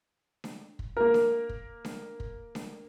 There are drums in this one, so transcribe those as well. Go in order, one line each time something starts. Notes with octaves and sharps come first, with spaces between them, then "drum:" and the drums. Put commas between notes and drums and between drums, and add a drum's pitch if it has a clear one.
drum: snare D4
drum: kick
A#3 A#4
drum: snare D4
drum: kick
drum: snare D4
drum: kick
drum: snare D4